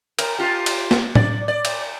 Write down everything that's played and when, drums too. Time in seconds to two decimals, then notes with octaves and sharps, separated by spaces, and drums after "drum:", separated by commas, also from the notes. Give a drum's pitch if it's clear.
0.19 A#4, drum: cymbal
0.39 F4 G4
0.66 drum: cymbal
0.91 drum: snare
1.15 D5, drum: tom A2
1.48 D5
1.65 drum: cymbal